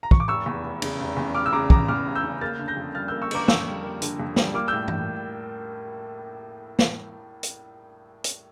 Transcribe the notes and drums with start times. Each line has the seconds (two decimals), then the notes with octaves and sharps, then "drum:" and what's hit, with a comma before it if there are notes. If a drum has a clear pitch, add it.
0.03 A#5
0.11 C#6, drum: kick
0.20 D6
0.28 F1 C#6 E6
0.46 E2
0.64 F1
0.82 C#3, drum: cymbal
1.00 F1
1.17 E2
1.35 F1 D6 F6
1.46 E6
1.53 C#3 A#5 D6
1.70 F1 A#5 D6, drum: kick
1.88 E2 D6 F6
2.06 F1
2.15 E6 G6
2.24 C#3
2.41 A#3 F6 A6
2.59 D3
2.68 G6 A#6
2.77 F2
2.95 G3 F6 A6
3.08 A#3 E6 G6
3.22 C#6 E6
3.31 D3 A#5 D6, drum: cymbal
3.48 F2 C#6 E6, drum: snare
3.66 G3
3.84 A#3
4.02 D3, drum: hi-hat
4.20 F2
4.36 G3, drum: snare
4.54 A#3 D6 F6
4.68 E6 G6
4.73 A2
4.88 drum: tom G2
6.79 drum: snare
7.43 drum: hi-hat
8.24 drum: hi-hat